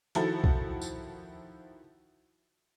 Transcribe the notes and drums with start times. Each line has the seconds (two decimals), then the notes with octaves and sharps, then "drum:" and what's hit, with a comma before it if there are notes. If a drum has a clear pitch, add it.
0.15 D#3 F3 E4 F#4 A4, drum: hi-hat
0.44 drum: kick B1
0.82 drum: tambourine